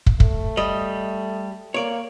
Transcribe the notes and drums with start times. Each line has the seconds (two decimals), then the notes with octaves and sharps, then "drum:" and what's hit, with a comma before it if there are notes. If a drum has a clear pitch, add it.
0.06 drum: kick
0.20 A3, drum: kick
0.57 G3 D#5
1.74 A#3 C#5 D5